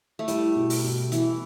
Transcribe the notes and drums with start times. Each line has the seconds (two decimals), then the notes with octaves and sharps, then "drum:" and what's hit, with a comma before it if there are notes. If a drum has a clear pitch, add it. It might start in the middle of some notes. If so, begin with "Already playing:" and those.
0.19 A3
0.28 G3 E4, drum: hi-hat
0.56 B2
0.70 drum: open hi-hat
0.84 B2
1.12 E3 B3, drum: hi-hat